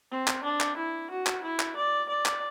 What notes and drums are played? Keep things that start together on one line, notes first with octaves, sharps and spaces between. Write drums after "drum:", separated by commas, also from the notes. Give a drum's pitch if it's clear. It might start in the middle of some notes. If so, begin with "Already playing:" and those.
C4
drum: clap
D4
drum: clap
E4
F#4
drum: clap
E4
drum: clap
D5
D5
drum: clap